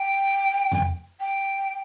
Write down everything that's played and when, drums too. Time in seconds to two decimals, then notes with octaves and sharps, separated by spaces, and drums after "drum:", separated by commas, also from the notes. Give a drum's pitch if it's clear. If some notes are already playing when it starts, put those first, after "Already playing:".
Already playing: G5
0.72 drum: tom F2
1.20 G5